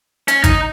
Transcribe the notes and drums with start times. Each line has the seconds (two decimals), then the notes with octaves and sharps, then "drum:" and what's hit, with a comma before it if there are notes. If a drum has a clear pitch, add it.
0.28 C#4, drum: hi-hat
0.44 D#4, drum: kick G#1, hi-hat